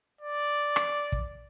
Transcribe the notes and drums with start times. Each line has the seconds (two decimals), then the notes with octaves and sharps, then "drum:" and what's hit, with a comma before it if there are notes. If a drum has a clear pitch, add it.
0.21 D5
0.76 drum: rim click
1.12 drum: kick